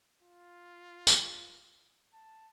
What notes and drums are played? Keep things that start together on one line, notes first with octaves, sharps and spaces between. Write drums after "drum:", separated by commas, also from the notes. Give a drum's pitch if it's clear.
F4
drum: tambourine
A5